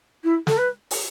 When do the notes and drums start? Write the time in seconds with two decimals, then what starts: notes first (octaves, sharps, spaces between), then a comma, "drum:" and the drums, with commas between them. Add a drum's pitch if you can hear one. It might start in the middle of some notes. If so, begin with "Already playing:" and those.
0.24 E4
0.47 A4, drum: snare
0.57 B4
0.91 drum: open hi-hat